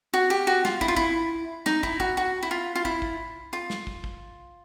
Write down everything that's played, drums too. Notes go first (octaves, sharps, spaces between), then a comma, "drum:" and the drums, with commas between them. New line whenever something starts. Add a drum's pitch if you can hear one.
F#4
G4
F#4
F4, drum: snare
E4, drum: kick
F4
E4, drum: kick
D#4, drum: snare
E4, drum: kick
F#4, drum: kick
F#4
E4
F4
F4
E4, drum: kick
drum: kick
F4
drum: snare
drum: kick
drum: kick